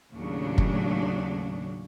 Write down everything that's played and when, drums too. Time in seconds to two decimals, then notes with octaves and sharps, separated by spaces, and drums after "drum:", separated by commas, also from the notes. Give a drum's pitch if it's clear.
0.13 D#2 A2 C#3 F#3 D4
0.58 drum: kick